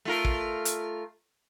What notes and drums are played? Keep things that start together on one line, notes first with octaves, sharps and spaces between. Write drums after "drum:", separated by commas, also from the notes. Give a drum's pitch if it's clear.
A3 F4 A#4
drum: kick
drum: hi-hat